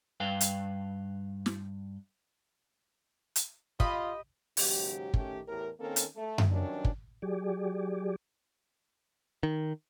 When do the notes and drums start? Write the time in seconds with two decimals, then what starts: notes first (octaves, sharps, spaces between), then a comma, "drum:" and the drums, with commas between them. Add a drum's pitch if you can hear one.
0.20 G2 B4 F5 G5
0.41 drum: hi-hat
1.46 drum: snare
3.36 drum: hi-hat
3.80 F4 G4 D#5 B5, drum: kick
4.57 D#2 G#2 C#3 F#3 G4, drum: open hi-hat
5.14 D#3 A3 C#4 G4, drum: kick
5.47 E2 A2 G4 A#4
5.79 D#3 A#3 C4 C#4 A4 A#4
5.96 drum: hi-hat
6.16 A3
6.38 drum: tom F#2
6.50 G2 D#3 F#3 C#4 D4
6.85 drum: kick
7.22 F#3 G4 G#4 D5
9.43 D#3